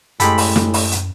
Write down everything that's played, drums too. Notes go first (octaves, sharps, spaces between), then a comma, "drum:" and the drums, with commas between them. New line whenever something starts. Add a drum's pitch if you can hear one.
F#2 A2 G#3 G4 A4 B5, drum: hi-hat
drum: open hi-hat
drum: snare
drum: open hi-hat
drum: hi-hat